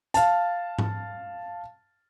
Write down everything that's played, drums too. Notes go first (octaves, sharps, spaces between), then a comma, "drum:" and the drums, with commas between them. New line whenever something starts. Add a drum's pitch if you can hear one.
F5 A5, drum: hi-hat
drum: tom G#2